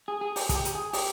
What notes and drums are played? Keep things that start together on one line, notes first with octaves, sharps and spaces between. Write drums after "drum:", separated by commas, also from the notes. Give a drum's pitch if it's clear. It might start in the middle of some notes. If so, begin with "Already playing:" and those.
G#4
G#4
G4, drum: open hi-hat
G#4, drum: kick, hi-hat
G4
drum: hi-hat
G#4
G4, drum: open hi-hat